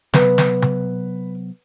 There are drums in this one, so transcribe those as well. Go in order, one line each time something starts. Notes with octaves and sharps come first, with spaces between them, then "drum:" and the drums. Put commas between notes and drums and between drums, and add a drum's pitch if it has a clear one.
C3 F#3 B3 B4, drum: snare
drum: snare
drum: tom C3